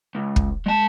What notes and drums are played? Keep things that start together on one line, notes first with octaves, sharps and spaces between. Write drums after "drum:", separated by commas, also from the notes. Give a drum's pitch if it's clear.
C#2
drum: kick
G#3 A5